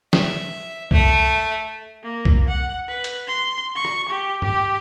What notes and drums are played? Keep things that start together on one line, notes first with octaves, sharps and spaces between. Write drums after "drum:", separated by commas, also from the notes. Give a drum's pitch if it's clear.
E5, drum: snare
A3, drum: kick C2
A#3
drum: kick C2
F#5
B4
drum: hi-hat
C6
C#6
drum: rim click
G4
G4, drum: tom G2